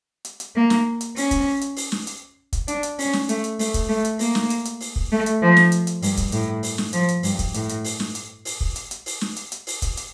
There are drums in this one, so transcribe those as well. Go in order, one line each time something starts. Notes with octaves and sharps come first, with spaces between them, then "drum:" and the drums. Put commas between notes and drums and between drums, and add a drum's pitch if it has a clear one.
drum: hi-hat
drum: hi-hat
A#3
drum: snare
drum: hi-hat
C#4, drum: open hi-hat
drum: kick, hi-hat
drum: hi-hat
drum: open hi-hat
drum: snare
drum: hi-hat
drum: kick, hi-hat
D4, drum: hi-hat
drum: hi-hat
C#4, drum: open hi-hat
drum: snare
A3, drum: hi-hat
drum: hi-hat
A3, drum: open hi-hat
drum: kick, hi-hat
A3
drum: hi-hat
A#3, drum: open hi-hat
drum: snare
drum: hi-hat
drum: hi-hat
drum: open hi-hat
drum: kick
A3
drum: hi-hat
F3
drum: snare
drum: hi-hat
drum: hi-hat
G2, drum: open hi-hat
drum: kick, hi-hat
A2, drum: hi-hat
drum: open hi-hat
drum: snare
F3, drum: hi-hat
drum: hi-hat
G2, drum: open hi-hat
drum: kick, hi-hat
A2, drum: hi-hat
drum: hi-hat
drum: open hi-hat
drum: snare
drum: hi-hat
drum: open hi-hat
drum: kick
drum: hi-hat
drum: hi-hat
drum: open hi-hat
drum: snare
drum: hi-hat
drum: hi-hat
drum: open hi-hat
drum: kick, hi-hat
drum: hi-hat